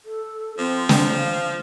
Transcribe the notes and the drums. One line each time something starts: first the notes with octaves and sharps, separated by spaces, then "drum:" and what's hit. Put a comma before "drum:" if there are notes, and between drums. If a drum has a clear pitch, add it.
A4
F3 C4
drum: snare
F5